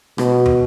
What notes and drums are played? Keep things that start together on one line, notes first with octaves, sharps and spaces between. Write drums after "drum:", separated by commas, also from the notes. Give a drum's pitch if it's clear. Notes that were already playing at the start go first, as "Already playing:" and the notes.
B2, drum: rim click
drum: tom